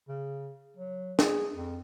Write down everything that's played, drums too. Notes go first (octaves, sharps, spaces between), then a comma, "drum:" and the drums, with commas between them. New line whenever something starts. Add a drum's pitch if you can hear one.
C#3
F#3
G#4, drum: snare
F2